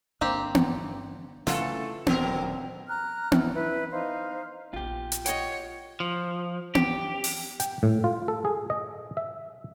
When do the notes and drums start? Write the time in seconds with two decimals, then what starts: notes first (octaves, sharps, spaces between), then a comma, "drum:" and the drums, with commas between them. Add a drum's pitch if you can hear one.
0.21 G1 A#3 C4 D4 G4
0.55 drum: tom B3
1.47 C#3 E3 A3 F4 A4 F#5, drum: snare
2.07 D#1 B1 G2 F3 F#3 B3 C4 A#4, drum: tom B3
2.88 A#5 F6 F#6
3.32 E4, drum: tom B3
3.53 E4 B4
3.91 D#4 C5 F5
4.73 A#1 B3 F4 G4
5.12 drum: hi-hat
5.26 C#5 D#5 F#5 G5, drum: hi-hat
6.00 F3
6.75 G4, drum: tom B3
7.24 drum: open hi-hat
7.60 G5, drum: hi-hat
7.83 A2
8.04 F4
8.28 A4
8.45 G#4
8.70 D#5
9.17 E5